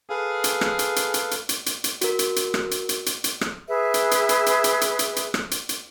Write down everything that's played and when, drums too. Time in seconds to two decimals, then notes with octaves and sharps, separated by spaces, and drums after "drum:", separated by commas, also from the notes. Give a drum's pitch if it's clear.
0.10 G#4 A4 B4 F5
0.44 drum: hi-hat
0.61 drum: rim click
0.79 drum: hi-hat
0.96 drum: hi-hat
1.14 drum: hi-hat
1.31 drum: hi-hat
1.49 drum: hi-hat
1.66 drum: hi-hat
1.84 drum: hi-hat
2.01 F#4 A#4, drum: hi-hat
2.19 drum: hi-hat
2.36 drum: hi-hat
2.54 drum: rim click
2.71 drum: hi-hat
2.89 drum: hi-hat
3.06 drum: hi-hat
3.24 drum: hi-hat
3.41 drum: rim click
3.68 G#4 B4 E5
3.94 drum: hi-hat
4.11 drum: hi-hat
4.29 drum: hi-hat
4.46 drum: hi-hat
4.64 drum: hi-hat
4.81 drum: hi-hat
4.99 drum: hi-hat
5.16 drum: hi-hat
5.34 drum: rim click
5.51 drum: hi-hat
5.69 drum: hi-hat